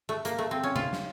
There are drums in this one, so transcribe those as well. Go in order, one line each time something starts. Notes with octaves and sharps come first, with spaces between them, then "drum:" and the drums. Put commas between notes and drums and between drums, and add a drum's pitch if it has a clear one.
A3
A#3, drum: hi-hat
A3
C4
C#4
F4, drum: tom C3
drum: snare